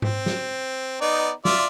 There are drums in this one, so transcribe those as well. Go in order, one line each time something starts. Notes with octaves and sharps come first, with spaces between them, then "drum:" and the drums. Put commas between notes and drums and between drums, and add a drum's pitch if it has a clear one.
C4, drum: tom G#2
drum: snare
B3 D#4 D5
F4 D5 E5, drum: snare